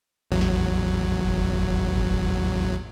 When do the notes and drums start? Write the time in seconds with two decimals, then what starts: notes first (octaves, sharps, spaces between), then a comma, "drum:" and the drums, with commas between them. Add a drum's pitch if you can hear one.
0.31 A1 E2 F#3
0.41 drum: snare
1.22 drum: kick F#1
1.53 drum: kick F#1
1.97 drum: kick F#1